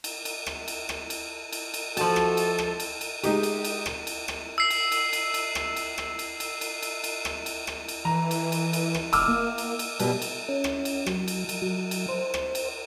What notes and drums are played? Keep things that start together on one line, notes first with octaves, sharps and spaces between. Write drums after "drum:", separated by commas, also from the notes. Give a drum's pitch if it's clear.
drum: cymbal
drum: cymbal
drum: rim click
drum: cymbal
drum: rim click
drum: cymbal
drum: cymbal
drum: cymbal
F3 F#4 A4 A5, drum: cymbal
drum: rim click
drum: cymbal
drum: rim click
drum: cymbal
drum: cymbal
G#3 D#4 G4, drum: cymbal
drum: cymbal
drum: cymbal
drum: rim click
drum: cymbal
drum: rim click
E6 C7
drum: cymbal
drum: cymbal
drum: cymbal
drum: cymbal
drum: rim click
drum: cymbal
drum: rim click
drum: cymbal
drum: cymbal
drum: cymbal
drum: cymbal
drum: cymbal
drum: rim click
drum: cymbal
drum: rim click
drum: cymbal
E3 A#5
drum: cymbal
drum: cymbal
drum: cymbal
drum: rim click
F1 D6 E6 F6, drum: cymbal
A#3
drum: cymbal
drum: cymbal
B2 G3, drum: cymbal
drum: cymbal
C#4
drum: rim click
drum: cymbal
F#3, drum: rim click
drum: cymbal
drum: cymbal
F#3
drum: cymbal
C5
drum: rim click
drum: cymbal